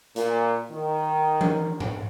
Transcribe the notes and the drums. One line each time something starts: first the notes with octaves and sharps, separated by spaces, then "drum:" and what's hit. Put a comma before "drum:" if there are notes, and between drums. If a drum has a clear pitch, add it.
A#2, drum: hi-hat
D#3
drum: tom E3
drum: tom